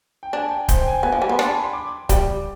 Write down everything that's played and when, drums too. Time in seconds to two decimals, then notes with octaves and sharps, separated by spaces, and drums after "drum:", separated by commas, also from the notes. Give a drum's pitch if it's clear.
0.23 G5
0.33 D4 G#5
0.51 G5
0.68 C5, drum: kick D1, hi-hat
0.80 G5
0.87 G#5
0.92 G5
1.03 B3 G#5
1.12 F3 G5
1.21 G3 G#5
1.29 B3 C6
1.39 D4, drum: rim click
1.46 B5
1.60 C6
1.73 D6
2.09 G3, drum: kick D1, hi-hat